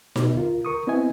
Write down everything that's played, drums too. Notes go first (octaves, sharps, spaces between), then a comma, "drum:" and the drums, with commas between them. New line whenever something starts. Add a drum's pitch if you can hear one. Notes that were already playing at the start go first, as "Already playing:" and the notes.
B2, drum: snare D#4
D2 F4 A#4
A#4 C#6 D#6
B3 C4 E4 D#5 E5 G#5